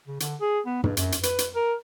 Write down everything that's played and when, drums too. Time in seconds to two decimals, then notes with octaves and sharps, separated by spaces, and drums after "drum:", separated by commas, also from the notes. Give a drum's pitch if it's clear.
0.08 C#3
0.20 D3, drum: hi-hat
0.41 G#4
0.66 B3
0.84 G2, drum: tom
0.97 F#2, drum: hi-hat
1.12 drum: hi-hat
1.23 B4, drum: hi-hat
1.39 drum: hi-hat
1.56 A#4